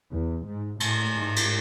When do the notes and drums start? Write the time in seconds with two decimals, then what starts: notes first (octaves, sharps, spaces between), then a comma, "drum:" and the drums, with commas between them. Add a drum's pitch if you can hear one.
0.12 E2
0.45 G#2
0.80 A2, drum: cymbal
1.15 G#2
1.36 drum: cymbal